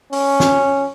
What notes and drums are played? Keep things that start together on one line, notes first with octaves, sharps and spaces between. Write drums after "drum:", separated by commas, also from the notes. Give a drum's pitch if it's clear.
C#4, drum: open hi-hat
drum: snare